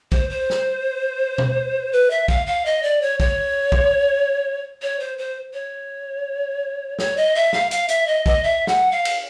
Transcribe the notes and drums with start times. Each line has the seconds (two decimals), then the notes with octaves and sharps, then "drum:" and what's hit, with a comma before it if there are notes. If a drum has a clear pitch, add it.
0.12 C5, drum: kick
0.30 C5
0.50 drum: snare
1.38 drum: tom B2
1.93 B4
2.10 E5
2.28 F5, drum: kick
2.47 F5
2.66 D#5
2.83 D5
3.02 C#5
3.20 C#5, drum: kick
3.72 drum: kick
4.82 C#5
5.00 C5
5.18 C5
5.54 C#5
6.99 C#5, drum: snare
7.17 D#5
7.35 E5
7.53 F5, drum: snare
7.71 F5, drum: hi-hat
7.89 E5, drum: hi-hat
8.07 D#5
8.26 D#5, drum: kick
8.43 E5
8.67 F#5, drum: snare
8.92 F5
9.05 drum: cymbal